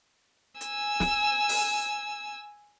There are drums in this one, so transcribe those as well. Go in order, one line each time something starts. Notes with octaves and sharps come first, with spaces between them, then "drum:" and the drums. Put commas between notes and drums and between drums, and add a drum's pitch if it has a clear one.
G#5 E6, drum: hi-hat
drum: snare
drum: open hi-hat